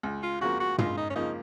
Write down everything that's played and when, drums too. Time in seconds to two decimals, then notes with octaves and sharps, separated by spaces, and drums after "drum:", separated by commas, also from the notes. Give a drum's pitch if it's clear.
0.03 C#2
0.23 F4
0.41 C#3 F3 A#3 F#4
0.60 F#4
0.78 C#2 F4, drum: tom
0.97 D#4
1.10 C#4
1.16 C#3 F3 A#3 D#4